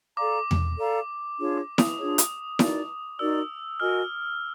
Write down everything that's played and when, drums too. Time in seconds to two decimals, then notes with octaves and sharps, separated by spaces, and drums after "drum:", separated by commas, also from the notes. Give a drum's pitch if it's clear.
0.17 A4 D5 F5 A#5 D6
0.51 drum: tom E2
0.78 A4 D5 F5 A#5
1.38 D4 F4 G#4 C#5
1.58 D6
1.78 D#6, drum: snare E4
1.98 D4 F4 G#4 C#5
2.18 drum: hi-hat
2.59 D#4 F#4 A#4 D5, drum: snare E4
3.19 D#4 F#4 A#4 D5 E6
3.80 F#4 A#4 D#5 G#5 F6